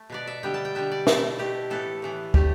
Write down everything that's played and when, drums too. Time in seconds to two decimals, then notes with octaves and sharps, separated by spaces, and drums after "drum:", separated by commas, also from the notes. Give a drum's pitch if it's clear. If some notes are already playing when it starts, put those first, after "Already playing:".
Already playing: A3
0.10 B2 B3 D5
0.27 E5
0.43 D3 G3 B3 G5
0.54 A5
0.65 G5
0.75 D3 G3 B3 E5
0.91 D5
1.07 B2 A3 E4, drum: snare
1.39 B2 A3 G4
1.70 A2 E3 B3 A4
2.02 A2 E3 B3
2.34 D3 A3 G4, drum: kick